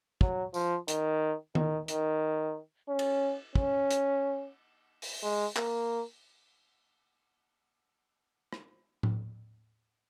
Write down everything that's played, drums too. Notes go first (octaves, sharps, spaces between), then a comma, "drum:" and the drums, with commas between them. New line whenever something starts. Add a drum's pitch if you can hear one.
F#3, drum: kick
F3, drum: tambourine
D#3, drum: hi-hat
D#3, drum: tom D#3
D#3, drum: hi-hat
C#4
drum: cymbal
C#4, drum: kick
drum: hi-hat
drum: open hi-hat
G#3
A#3, drum: clap
drum: rim click
drum: tom A2